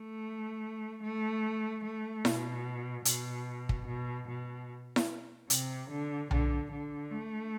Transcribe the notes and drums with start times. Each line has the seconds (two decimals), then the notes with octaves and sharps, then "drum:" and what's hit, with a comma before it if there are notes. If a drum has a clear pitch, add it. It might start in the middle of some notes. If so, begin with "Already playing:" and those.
Already playing: A3
1.03 A3
1.84 A3
2.25 B2, drum: snare E4
3.05 B2, drum: hi-hat
3.69 drum: kick
3.87 B2
4.28 B2
4.96 drum: snare E4
5.50 C3, drum: hi-hat
5.90 D3
6.31 D3, drum: tom B1
6.71 D3
7.11 A3